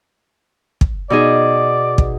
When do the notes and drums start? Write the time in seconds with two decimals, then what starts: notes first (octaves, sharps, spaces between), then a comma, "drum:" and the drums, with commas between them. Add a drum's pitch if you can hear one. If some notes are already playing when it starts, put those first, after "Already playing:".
0.81 drum: kick
1.10 B2 D#4 G#4 D5
1.98 drum: kick